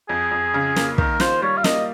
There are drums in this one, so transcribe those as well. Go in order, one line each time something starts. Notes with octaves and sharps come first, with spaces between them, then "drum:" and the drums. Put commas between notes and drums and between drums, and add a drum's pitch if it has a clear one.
F2 G#4
F2
C#3
A#3, drum: snare
D#3 A#4, drum: kick
F4 C5, drum: snare
G3 C#5
F5
A#3 D#5, drum: snare